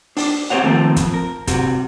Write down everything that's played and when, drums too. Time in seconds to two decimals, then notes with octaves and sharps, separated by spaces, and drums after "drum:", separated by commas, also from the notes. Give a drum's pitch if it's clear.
0.17 D4, drum: open hi-hat
0.50 C4 G4 C5 C#5 F#5
0.63 D#3 F3 A3 A#3 C4
0.96 F2, drum: kick, hi-hat
1.14 A#4
1.47 C3 G3 F#4, drum: kick, hi-hat